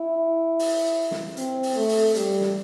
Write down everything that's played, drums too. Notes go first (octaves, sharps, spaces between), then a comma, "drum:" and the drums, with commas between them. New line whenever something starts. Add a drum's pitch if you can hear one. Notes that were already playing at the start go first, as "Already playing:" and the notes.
Already playing: E4
drum: open hi-hat
drum: snare
C4, drum: hi-hat
drum: open hi-hat
A3
drum: open hi-hat
G3, drum: hi-hat
drum: snare